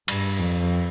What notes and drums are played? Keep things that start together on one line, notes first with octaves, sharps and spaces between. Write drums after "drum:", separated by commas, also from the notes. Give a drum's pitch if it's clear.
G2, drum: cymbal
F2